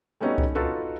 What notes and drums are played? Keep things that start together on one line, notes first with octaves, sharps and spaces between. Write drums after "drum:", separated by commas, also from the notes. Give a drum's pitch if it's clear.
G3 A3 B3 C#4 D#4 F#4
drum: kick C2
D#4 F4 F#4 A4 B4